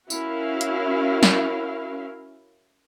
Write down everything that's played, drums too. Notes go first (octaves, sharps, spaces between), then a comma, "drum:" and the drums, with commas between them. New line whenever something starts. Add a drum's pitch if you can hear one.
C#4 E4 F#4 A#4 F5, drum: tambourine
drum: hi-hat
drum: snare